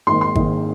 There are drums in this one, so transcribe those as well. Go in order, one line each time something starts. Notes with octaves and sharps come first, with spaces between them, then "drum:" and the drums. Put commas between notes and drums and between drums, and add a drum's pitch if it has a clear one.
G#1 G#2 D#3 A#3 C6
C6
G#1 G#2 D#3 A#3, drum: kick G#1